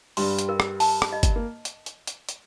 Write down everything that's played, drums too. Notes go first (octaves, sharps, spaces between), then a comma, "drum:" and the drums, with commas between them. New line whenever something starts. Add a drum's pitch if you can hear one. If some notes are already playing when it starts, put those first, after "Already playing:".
G2 G3 C6, drum: open hi-hat
drum: hi-hat
A#4
drum: rim click
A5, drum: open hi-hat
drum: rim click
D#5
drum: kick G1, hi-hat
A#3
drum: hi-hat
drum: hi-hat
drum: hi-hat
drum: hi-hat